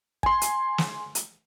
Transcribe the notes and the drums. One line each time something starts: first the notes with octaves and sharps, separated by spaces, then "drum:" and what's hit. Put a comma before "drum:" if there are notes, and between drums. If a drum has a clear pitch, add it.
G#5 C6, drum: kick
drum: hi-hat
drum: snare
drum: hi-hat